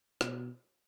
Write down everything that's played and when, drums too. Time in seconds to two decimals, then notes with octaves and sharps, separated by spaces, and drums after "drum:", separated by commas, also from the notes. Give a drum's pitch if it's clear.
0.21 B2, drum: rim click